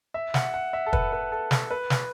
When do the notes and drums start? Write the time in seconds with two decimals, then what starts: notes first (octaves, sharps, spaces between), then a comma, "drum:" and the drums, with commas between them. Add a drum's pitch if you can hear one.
0.14 E5
0.34 F#5, drum: snare
0.54 F#5
0.73 E5
0.86 A4
0.93 B4, drum: kick
1.12 B4
1.32 A4
1.51 A4, drum: snare
1.71 B4
1.90 drum: snare